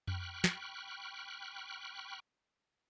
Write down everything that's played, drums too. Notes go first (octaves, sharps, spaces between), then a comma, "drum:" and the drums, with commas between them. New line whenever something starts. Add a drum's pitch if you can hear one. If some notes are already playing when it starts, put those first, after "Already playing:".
G5 B5 C#6 F6 F#6, drum: tom F2
drum: snare